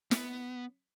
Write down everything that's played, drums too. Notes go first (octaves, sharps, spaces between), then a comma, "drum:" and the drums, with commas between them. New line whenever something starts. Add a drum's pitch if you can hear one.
B3, drum: snare